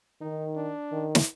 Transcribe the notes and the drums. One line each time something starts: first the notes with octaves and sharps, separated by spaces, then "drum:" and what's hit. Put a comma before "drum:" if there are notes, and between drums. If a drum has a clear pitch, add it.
D#3 D#4
D4
D#3
drum: snare